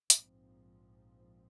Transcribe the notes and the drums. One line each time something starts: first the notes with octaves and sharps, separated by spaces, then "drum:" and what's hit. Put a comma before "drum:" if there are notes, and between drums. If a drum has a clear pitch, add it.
A#1 G#2 F3 C4, drum: hi-hat